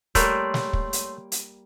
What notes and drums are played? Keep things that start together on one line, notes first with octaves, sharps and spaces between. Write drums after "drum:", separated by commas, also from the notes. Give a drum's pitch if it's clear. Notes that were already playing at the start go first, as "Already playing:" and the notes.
G3 A3 A#3 C#5 C6, drum: kick, hi-hat
drum: snare
drum: kick
drum: hi-hat
drum: hi-hat